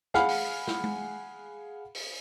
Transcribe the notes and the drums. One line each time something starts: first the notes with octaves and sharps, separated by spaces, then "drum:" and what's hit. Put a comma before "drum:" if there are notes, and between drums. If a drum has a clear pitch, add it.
G#4 F5 F#5 B5 F6, drum: snare
drum: open hi-hat
drum: snare
drum: tom G#3
drum: open hi-hat